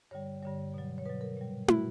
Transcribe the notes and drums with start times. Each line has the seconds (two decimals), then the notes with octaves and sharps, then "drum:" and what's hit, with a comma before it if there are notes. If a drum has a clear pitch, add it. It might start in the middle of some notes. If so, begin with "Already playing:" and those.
0.11 G2 D3 G3 C#5
0.42 G2 D3 G3 C#5
0.74 B2 F#3
0.98 C#5
1.05 B2 F#3 B4
1.21 A#4
1.37 A#2 G3
1.68 A#2 G3 F#4, drum: tom